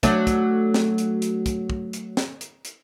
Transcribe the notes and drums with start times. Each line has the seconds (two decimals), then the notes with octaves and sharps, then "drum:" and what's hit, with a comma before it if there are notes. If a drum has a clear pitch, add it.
0.03 F#3 A3 D4, drum: kick, hi-hat
0.27 drum: kick, hi-hat
0.74 drum: snare
0.98 drum: hi-hat
1.22 drum: hi-hat
1.46 drum: kick, hi-hat
1.70 drum: kick
1.93 drum: hi-hat
2.17 drum: snare
2.41 drum: hi-hat
2.65 drum: hi-hat